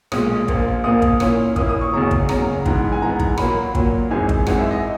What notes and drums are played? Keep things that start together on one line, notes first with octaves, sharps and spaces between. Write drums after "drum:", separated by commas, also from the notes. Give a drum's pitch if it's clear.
B1 A#2 G#3 D#6, drum: rim click
A#1 A#2 A#3, drum: kick
A#1 A#2 A#3 D#6
drum: kick
A#2 A#3 C#4 E4, drum: rim click
A#2 A#3 C#4 E4 D#6, drum: kick
D#6
C#6
F#1 E2 C#3 F#3 A#5
drum: kick
F#1 E2 C#3 F#3 A#5, drum: rim click
G#2 E3 B3 A#5, drum: kick
G#5
G#2 E3 B3 A#5
A#5, drum: kick
A#2 F#3 A#3 B5, drum: rim click
A#2 F#3 A#3, drum: kick
G#1 F#2 E3 G#3 D#4 G#5
drum: kick
G#1 F#2 E3 G#3 D#4 F#5, drum: rim click
E5
D#5